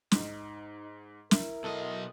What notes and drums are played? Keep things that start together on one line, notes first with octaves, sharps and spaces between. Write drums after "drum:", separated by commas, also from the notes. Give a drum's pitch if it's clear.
G#2 D#4, drum: snare
E4 A#4, drum: snare
B1 A4 D#5